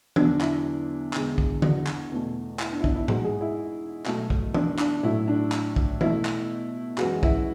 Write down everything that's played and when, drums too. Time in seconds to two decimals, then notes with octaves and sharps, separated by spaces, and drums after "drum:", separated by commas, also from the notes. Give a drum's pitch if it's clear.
0.16 E2 D3 F#3 D4, drum: tom E3
0.41 E4, drum: clap
1.13 E2 D3 G#3, drum: clap
1.38 drum: kick
1.62 F#4, drum: tom D3
1.87 drum: clap
2.11 E2 B2 A3
2.59 E4, drum: clap
2.72 D4
2.80 E4
2.84 D4, drum: kick
2.96 E4
3.08 G#2 G#3 F#4, drum: tom G#2
3.24 G#4
3.41 E4
4.06 B2 F#3 A3, drum: clap
4.30 drum: kick
4.54 D4, drum: tom E3
4.79 D4, drum: clap
5.03 A2 F#3 A3 E4
5.28 D4
5.52 drum: clap
5.76 drum: kick
6.01 B2 A3 E4, drum: tom E3
6.25 drum: clap
6.98 F#2 E3 G#3 F#4, drum: clap
7.23 E4, drum: kick